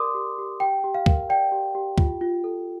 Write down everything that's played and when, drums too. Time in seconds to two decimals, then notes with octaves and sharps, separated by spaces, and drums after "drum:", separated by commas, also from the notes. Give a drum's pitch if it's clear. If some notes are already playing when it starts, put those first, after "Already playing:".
Already playing: G4 A#4 D5 C6 D6 D#6
0.14 G4
0.38 G4
0.60 G4 G5
0.84 G4
0.94 F5
1.06 A#4, drum: kick
1.29 D5 G5
1.52 G4
1.75 G4
1.98 F4, drum: kick
2.21 F4
2.44 A4